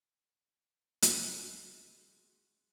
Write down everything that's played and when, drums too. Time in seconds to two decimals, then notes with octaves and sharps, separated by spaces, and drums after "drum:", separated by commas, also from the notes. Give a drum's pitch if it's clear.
1.02 G#3 F#4, drum: hi-hat